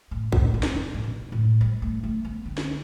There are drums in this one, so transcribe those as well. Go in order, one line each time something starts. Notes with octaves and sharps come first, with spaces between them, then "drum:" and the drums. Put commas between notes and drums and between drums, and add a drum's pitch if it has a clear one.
A2
A2, drum: kick
B2
drum: snare
C3
A2
B2
A2
G3
A3
A3
B3
D3
drum: snare